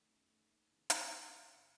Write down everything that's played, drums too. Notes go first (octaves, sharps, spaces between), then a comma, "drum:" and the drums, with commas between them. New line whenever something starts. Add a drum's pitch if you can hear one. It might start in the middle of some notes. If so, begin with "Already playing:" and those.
Already playing: D#3 A3
F#2
D#3 A3
D#2
C#3 E3 G#3 B3
D#2, drum: hi-hat
C#3 E3 G#3 B3
F#1
E2 C#3